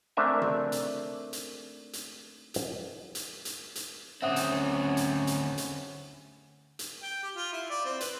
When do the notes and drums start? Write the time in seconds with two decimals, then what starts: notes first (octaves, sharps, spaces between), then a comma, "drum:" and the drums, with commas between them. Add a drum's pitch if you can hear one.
0.17 A3 C4 D4 A#4 E5 G#5
0.42 drum: tom
0.72 drum: hi-hat
1.33 drum: hi-hat
1.93 drum: hi-hat
2.54 drum: hi-hat
3.15 drum: hi-hat
3.45 drum: hi-hat
3.75 drum: hi-hat
4.22 D2 C4 C#4 E5 F#5 D#6
4.36 drum: hi-hat
4.97 drum: hi-hat
5.27 drum: hi-hat
5.58 drum: hi-hat
6.79 drum: hi-hat
7.03 G5
7.23 G4
7.35 F4
7.52 E4
7.70 D5
7.85 C4
8.00 B4, drum: hi-hat